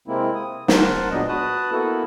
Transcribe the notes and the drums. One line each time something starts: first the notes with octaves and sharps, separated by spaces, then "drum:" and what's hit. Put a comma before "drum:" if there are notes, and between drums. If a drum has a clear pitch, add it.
C3 G#3 A#3 C4 E4
D#6
A#4 C5 F#5 A5, drum: snare
A#2 F#3 G#3 B3 D4 D#5
F#4 B4 A5 D#6 F#6
A#3 B3 E4 F#4 A4